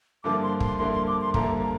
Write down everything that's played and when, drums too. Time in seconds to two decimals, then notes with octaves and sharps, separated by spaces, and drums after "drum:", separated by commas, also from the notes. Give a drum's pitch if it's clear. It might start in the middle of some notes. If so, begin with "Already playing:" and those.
0.24 G2 D3 F3 A#3 E4 D6
0.42 C6
0.60 C6, drum: kick
0.79 G2 D3 F3 A#3 E4 C6
0.93 C6
1.07 D6
1.21 C6
1.34 G2 D3 F3 A#3 E4 A#5, drum: kick
1.62 A#5